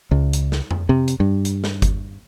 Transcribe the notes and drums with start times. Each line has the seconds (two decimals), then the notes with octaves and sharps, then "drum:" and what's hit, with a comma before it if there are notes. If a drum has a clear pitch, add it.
0.11 C#2
0.33 drum: hi-hat
0.52 drum: snare
0.71 drum: tom F2
0.89 C3
1.08 drum: hi-hat
1.20 G2
1.45 drum: hi-hat
1.64 drum: snare
1.82 drum: kick G1, hi-hat